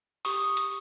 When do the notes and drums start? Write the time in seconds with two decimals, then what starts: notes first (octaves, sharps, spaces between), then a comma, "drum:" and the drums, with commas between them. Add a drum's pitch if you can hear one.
0.25 G4 C#6 D#6, drum: open hi-hat
0.57 G4, drum: hi-hat